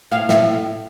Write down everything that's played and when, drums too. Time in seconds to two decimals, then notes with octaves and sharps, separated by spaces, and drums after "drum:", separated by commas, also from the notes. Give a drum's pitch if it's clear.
0.11 A2 F5
0.29 A2 E5, drum: snare